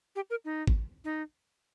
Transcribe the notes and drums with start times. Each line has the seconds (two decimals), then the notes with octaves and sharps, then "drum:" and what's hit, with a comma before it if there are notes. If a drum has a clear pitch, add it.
0.16 G4
0.30 A#4
0.45 D#4
0.67 drum: kick
1.04 D#4